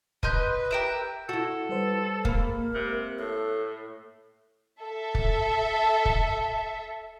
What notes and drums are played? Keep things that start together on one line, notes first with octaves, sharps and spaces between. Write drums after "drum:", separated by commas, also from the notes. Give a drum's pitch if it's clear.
B4 D#5 C6 G6, drum: kick
G4 A#4 E5
E4 F#4 A4
G3 B4 C5
G#3 A#3 A#4 B5, drum: kick
C3 F#6
A2 A4
A4 E5
drum: kick
drum: kick